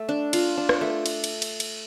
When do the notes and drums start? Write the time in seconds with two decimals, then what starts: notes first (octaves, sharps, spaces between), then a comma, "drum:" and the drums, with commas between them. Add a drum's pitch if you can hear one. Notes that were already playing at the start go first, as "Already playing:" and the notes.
Already playing: A3
0.09 D4
0.33 F4, drum: cymbal
0.57 D4
0.69 drum: rim click
0.81 A3
1.06 drum: cymbal
1.24 drum: cymbal
1.42 drum: cymbal
1.60 drum: cymbal